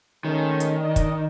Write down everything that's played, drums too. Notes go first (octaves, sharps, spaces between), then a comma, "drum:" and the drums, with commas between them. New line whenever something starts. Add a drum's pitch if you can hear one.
D#3 G#3 A3 C#4
drum: hi-hat
D4 D5 D#5
drum: kick, hi-hat